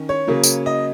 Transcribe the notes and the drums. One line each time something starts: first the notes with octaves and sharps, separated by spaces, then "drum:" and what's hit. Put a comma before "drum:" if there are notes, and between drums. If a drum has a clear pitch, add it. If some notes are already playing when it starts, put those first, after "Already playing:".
Already playing: D#3 C#4
C#5
C#3 F#3 A#3
drum: tambourine
D#5